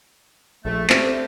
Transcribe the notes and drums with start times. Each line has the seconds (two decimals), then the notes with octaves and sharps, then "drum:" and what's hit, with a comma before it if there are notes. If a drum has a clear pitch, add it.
0.65 A#1 A3
0.90 D2 A3 C4 G4, drum: clap